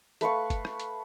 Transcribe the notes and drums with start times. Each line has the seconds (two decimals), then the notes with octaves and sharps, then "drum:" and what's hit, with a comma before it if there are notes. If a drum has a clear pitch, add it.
0.21 A3 B4 F5 C#6, drum: hi-hat
0.50 drum: kick F#1, hi-hat
0.65 drum: rim click
0.80 drum: hi-hat